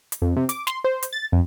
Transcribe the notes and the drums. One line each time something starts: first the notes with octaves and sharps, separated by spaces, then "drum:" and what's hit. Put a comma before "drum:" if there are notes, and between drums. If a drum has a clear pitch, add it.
drum: hi-hat
F2
C3
D6, drum: hi-hat
C6, drum: snare
C5
drum: hi-hat
A6
F2